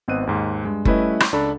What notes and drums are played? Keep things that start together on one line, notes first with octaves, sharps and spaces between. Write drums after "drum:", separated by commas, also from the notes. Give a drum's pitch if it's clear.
G#1 B3 C4 D#5 F#6 D#7
D#2 G#2
G2 G#3
G3 A3 C#4 E4 B4 D#5, drum: kick F#1
drum: rim click
C#2 D4 A4 B5